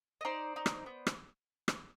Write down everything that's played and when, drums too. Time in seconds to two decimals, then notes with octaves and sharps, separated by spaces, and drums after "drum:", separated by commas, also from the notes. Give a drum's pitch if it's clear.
0.21 D#5
0.25 D#4 C5 D5
0.56 D#4
0.66 drum: rim click
0.86 B3
1.07 drum: rim click
1.68 drum: rim click